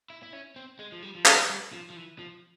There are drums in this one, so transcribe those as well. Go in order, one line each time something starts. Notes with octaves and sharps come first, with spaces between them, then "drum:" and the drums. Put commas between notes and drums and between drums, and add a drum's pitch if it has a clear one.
E4
E4
C#4
C4
G#3
F3
G3
F3
G3, drum: clap
G3
F3
F3
E3
F3